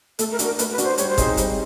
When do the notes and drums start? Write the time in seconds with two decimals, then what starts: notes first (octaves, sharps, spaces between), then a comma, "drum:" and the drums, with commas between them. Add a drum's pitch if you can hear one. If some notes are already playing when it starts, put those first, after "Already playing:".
0.19 A3 A4, drum: hi-hat
0.32 A#4
0.39 D4 F#4, drum: hi-hat
0.45 A#4
0.59 A3 B4, drum: hi-hat
0.72 B4
0.78 D4 F#4, drum: hi-hat
0.84 C5
0.98 G3 C#5, drum: hi-hat
1.09 C5
1.18 C4 D#4 G#4 C#5, drum: kick G1, hi-hat
1.37 G3, drum: hi-hat